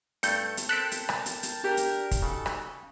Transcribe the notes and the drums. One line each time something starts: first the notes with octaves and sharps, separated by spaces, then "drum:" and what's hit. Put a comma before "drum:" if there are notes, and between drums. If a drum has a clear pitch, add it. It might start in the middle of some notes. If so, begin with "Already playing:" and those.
G2 A3 G6 C#7, drum: hi-hat
drum: hi-hat
C4 A4 A#4 G5 A5 F#6 B6 D7
drum: hi-hat
drum: rim click
drum: hi-hat
drum: hi-hat
D4 G4 A#4
drum: hi-hat
drum: kick, hi-hat
C#3 D#4 F#4 A4
drum: rim click